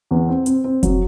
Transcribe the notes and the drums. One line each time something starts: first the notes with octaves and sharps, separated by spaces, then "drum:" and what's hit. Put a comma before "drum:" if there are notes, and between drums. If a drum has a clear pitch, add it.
E2
C4
C4, drum: hi-hat
C4
F#3, drum: kick F1, hi-hat